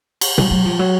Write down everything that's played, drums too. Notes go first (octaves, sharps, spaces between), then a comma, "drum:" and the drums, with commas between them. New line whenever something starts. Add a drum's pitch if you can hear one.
drum: cymbal
G3, drum: tom B2
F#3
F3
F#3